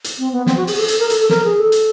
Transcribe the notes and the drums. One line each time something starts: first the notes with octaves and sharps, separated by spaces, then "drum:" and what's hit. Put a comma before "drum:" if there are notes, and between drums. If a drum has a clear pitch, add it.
drum: hi-hat
C4
B3
C4, drum: snare
F#4
G#4, drum: open hi-hat
A4
A4, drum: hi-hat
A#4
A4, drum: hi-hat
A4
A#4, drum: snare
G#4
A4
drum: hi-hat